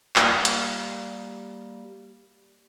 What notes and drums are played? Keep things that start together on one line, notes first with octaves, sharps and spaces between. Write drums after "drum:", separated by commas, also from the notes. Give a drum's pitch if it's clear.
G3 A#3, drum: clap
drum: hi-hat